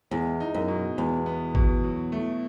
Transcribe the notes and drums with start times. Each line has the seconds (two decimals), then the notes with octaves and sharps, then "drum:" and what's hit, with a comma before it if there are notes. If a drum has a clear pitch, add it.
0.11 E2 G#3
0.40 D#4
0.54 F#2
0.68 B2
0.97 E2 G#3
1.26 B3
1.55 B2, drum: kick G#1
1.84 F#3
2.12 A3